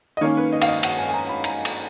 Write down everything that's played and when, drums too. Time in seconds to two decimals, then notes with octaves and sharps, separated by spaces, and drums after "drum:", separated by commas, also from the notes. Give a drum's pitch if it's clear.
0.17 D#5
0.21 D#3 A#3 C#4 C#5
0.37 B4
0.53 D#5
0.62 F5, drum: cymbal
0.68 D#5
0.83 F#5, drum: cymbal
0.99 G#5
1.09 G#5
1.14 A#5
1.29 B5
1.44 A#5, drum: cymbal
1.65 drum: cymbal